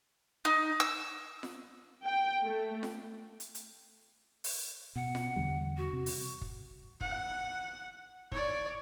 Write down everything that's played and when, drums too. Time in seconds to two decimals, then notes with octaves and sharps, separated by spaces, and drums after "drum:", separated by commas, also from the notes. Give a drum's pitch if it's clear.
0.45 D#4
0.80 E6
1.43 drum: snare F4
2.05 G5
2.44 A3
2.83 drum: snare F4
3.40 drum: hi-hat
3.55 drum: hi-hat
4.44 drum: open hi-hat
4.96 B2 F#5
5.15 drum: snare F4
5.36 E2 D3 G3
5.77 F#4
5.93 C3
6.06 drum: open hi-hat
6.41 drum: kick
7.01 F#5, drum: kick
8.32 C#5 D5, drum: kick